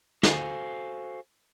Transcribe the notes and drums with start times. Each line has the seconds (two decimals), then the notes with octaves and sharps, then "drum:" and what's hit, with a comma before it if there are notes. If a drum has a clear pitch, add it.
0.23 F#4 A4 C5 E5 F5 G#5, drum: snare